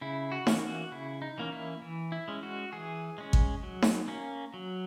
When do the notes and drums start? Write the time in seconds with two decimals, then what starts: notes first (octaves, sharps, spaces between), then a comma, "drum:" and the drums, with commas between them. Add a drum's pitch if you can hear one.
0.01 C#3 E4
0.32 F#4
0.47 E3 A#3 C#4, drum: snare D#4
0.62 F#4
0.92 C#3 E4
1.22 D#4
1.38 E3 A#3 C#4
1.52 E4
1.82 E3
2.12 E4
2.28 G#3 C#4
2.43 F#4
2.73 E3 G#4
3.18 G#3 C#4
3.33 drum: kick
3.63 F#3
3.82 drum: snare D#4
4.08 A#3 C#4
4.54 F#3